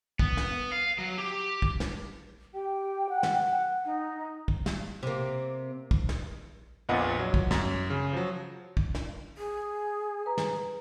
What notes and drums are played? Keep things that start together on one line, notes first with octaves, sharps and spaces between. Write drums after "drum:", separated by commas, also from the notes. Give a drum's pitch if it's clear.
B3, drum: kick
drum: snare
F5
F#3
G4
drum: kick
drum: snare
G4 G5
F#5
drum: snare
D#4
drum: kick
drum: snare
C3 A#3
drum: kick
drum: snare
A#1 F2 A#2 B3 D#5 F#5
F#3
drum: kick
F#2, drum: snare
C#3
F3 F#3
drum: kick
drum: snare
G#4
B4 A#5
drum: snare